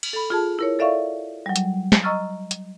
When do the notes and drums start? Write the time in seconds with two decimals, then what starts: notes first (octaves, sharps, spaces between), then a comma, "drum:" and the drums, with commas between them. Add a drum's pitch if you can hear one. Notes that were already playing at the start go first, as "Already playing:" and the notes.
0.03 drum: cymbal
0.13 A4 B5
0.30 F4 G#4 A5
0.59 E4 A#4 C#5
0.79 A4 D5 E5 F5 C#6
1.46 F#3 G3
1.56 drum: hi-hat
1.92 drum: snare
2.03 D#5 A#5 C#6 E6 F6 A6
2.51 drum: hi-hat